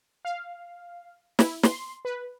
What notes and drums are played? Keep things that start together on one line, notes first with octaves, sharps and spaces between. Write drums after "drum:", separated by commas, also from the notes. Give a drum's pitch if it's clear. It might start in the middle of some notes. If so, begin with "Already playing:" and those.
F5
E4, drum: snare
C6, drum: snare
B4